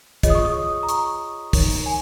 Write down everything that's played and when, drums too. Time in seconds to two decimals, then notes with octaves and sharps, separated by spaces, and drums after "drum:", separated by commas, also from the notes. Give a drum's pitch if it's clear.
0.23 F4 G#4 C#5 D#5, drum: kick, hi-hat
0.30 D#6
0.35 C#6
0.45 D#6
0.83 A#5
0.89 C#6, drum: hi-hat
1.53 D#4 A#4 C#5, drum: kick, open hi-hat
1.86 G#5